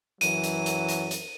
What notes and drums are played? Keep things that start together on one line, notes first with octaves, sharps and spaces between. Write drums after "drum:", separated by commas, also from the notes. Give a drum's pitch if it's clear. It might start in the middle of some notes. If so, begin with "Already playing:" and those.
F#2 E3 F#3 D#7, drum: hi-hat
drum: hi-hat
drum: hi-hat
drum: hi-hat
drum: hi-hat